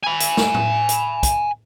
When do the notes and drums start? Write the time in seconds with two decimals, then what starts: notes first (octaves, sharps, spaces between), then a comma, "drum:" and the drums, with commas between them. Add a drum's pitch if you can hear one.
0.03 G#5 B5
0.20 drum: hi-hat
0.37 drum: snare
0.54 drum: tom
0.89 drum: hi-hat
1.23 drum: kick, hi-hat